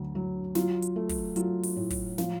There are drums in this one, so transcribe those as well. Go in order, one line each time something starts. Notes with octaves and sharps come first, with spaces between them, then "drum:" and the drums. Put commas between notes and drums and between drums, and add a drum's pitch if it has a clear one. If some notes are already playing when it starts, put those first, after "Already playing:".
Already playing: D2 F#3
F#3
F#3 F4, drum: snare
drum: hi-hat
A3
drum: kick, open hi-hat
F#3 F4, drum: hi-hat
drum: open hi-hat
A2
drum: kick, open hi-hat
F3, drum: snare